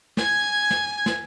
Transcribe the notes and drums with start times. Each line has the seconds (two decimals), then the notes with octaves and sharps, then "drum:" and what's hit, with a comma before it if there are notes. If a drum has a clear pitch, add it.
0.17 G#5 G#6, drum: snare
0.70 drum: snare
1.06 drum: snare